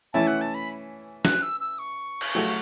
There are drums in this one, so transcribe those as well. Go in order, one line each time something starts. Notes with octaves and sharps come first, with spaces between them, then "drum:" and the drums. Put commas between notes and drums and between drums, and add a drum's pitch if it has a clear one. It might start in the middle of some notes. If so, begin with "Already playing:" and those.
E3 A3 C#4 E4 A5
F#5
A5
B5
F#6, drum: snare
E6
E6
C#6
drum: cymbal
F#3 A3 F#4 A4